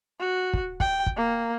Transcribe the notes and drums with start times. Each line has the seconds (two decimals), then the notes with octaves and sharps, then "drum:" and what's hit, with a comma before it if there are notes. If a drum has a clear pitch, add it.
0.20 F#4
0.53 drum: kick
0.80 G5, drum: kick
1.06 drum: kick
1.17 A#3